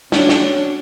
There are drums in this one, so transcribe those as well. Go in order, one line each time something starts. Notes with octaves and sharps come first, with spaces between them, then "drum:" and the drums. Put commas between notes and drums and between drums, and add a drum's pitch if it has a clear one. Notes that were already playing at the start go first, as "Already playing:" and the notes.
F#3 C#4 D4, drum: snare
drum: snare